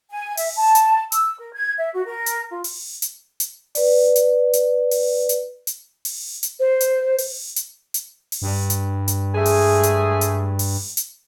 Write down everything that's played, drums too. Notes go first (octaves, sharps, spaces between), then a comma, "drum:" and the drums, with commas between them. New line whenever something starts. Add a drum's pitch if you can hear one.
G#5
E5, drum: open hi-hat
A5
drum: hi-hat
E6, drum: hi-hat
A#4
G#6
E5
F#4
A#4
drum: hi-hat
F4
drum: open hi-hat
drum: hi-hat
drum: hi-hat
B4 D5, drum: open hi-hat
drum: hi-hat
drum: hi-hat
drum: open hi-hat
drum: hi-hat
drum: hi-hat
drum: open hi-hat
drum: hi-hat
C5
drum: hi-hat
drum: open hi-hat
drum: hi-hat
drum: hi-hat
drum: open hi-hat
G2
drum: hi-hat
drum: hi-hat
G#3 A3 G#4
drum: open hi-hat
drum: hi-hat
drum: hi-hat
drum: open hi-hat
drum: hi-hat